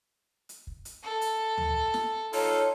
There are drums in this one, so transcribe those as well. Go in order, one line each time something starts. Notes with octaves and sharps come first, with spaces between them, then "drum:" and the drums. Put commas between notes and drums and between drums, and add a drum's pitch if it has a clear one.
drum: hi-hat
drum: kick
drum: hi-hat
A4
drum: hi-hat
drum: tom D2
drum: snare
D#4 F4 A4 C#5, drum: open hi-hat